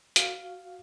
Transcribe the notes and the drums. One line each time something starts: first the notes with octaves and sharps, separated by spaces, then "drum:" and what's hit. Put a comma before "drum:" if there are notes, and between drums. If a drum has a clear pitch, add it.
F#4 F5, drum: hi-hat